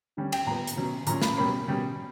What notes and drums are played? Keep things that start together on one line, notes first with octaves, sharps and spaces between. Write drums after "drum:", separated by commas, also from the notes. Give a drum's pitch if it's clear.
D3 G3 C#4
G5, drum: cymbal
A#2 G3 B3 A#5
drum: hi-hat
B2 F#3 C#4
A#2 F#3 C#4 A#5, drum: hi-hat
B5, drum: snare
B2 G3 A#3 C#4 B5
B2 G3 C#4